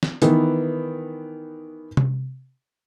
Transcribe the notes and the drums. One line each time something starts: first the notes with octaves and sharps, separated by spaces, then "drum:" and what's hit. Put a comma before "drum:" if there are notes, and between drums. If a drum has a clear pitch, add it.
drum: snare
D#3 E3 B3, drum: hi-hat
drum: tom C3